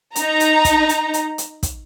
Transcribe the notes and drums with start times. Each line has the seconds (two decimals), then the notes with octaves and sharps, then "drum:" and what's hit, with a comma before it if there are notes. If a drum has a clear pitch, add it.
0.16 D#4 A#5, drum: hi-hat
0.40 drum: hi-hat
0.65 drum: kick, hi-hat
0.89 drum: hi-hat
1.14 drum: hi-hat
1.38 drum: hi-hat
1.63 drum: kick, hi-hat